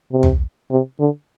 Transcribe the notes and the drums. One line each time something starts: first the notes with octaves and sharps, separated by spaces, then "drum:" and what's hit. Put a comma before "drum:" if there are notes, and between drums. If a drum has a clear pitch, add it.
C3
drum: tom
C3
D3